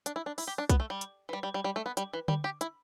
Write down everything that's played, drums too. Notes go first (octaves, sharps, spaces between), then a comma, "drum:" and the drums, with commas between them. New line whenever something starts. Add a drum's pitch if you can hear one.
D4, drum: hi-hat
E4
D4
E4, drum: open hi-hat
G4
D4
B3, drum: kick B1, hi-hat
A3
G3
drum: hi-hat
E3
G3
G3
G3
G3
A3
B3
G3, drum: hi-hat
E3
G3, drum: tom D3
G4
E4, drum: hi-hat